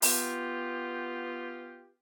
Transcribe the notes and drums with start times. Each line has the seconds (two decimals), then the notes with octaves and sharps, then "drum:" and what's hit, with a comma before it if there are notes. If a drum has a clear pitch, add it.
0.02 B3 F4 G4, drum: open hi-hat